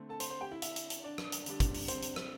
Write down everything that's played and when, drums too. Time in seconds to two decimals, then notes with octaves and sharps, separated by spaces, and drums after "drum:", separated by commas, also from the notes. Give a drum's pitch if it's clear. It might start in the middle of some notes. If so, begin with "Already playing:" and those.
Already playing: D3 A3 C4
0.09 A4 A5
0.20 C5 C6, drum: hi-hat
0.30 C5 C6
0.41 G4 G5
0.51 E4 E5
0.62 E4 E5, drum: hi-hat
0.76 drum: hi-hat
0.90 drum: hi-hat
1.04 D4 D5
1.18 drum: rim click
1.32 drum: hi-hat
1.46 D3 G3 D4, drum: hi-hat
1.60 drum: kick, hi-hat
1.74 drum: open hi-hat
1.88 C4 C5, drum: hi-hat
2.02 drum: hi-hat
2.16 drum: rim click